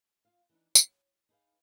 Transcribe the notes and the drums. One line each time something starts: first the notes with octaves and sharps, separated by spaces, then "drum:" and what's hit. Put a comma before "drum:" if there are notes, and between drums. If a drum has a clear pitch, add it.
F4 F5
E3 D4 D#4
C#5, drum: tambourine
D#4 G#4 B4 F5